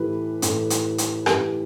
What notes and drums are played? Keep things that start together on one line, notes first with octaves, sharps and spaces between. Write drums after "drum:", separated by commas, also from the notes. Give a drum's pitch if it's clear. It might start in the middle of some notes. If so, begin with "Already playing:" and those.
Already playing: A2 E3 G4 B4
A2 E3, drum: hi-hat
drum: hi-hat
drum: hi-hat
A2 E3 G4 B4, drum: rim click